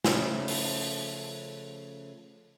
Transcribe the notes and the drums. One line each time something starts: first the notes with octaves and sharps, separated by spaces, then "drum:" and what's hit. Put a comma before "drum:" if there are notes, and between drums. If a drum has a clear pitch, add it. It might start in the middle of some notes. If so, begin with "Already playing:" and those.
C#3 F3 A3, drum: snare
drum: open hi-hat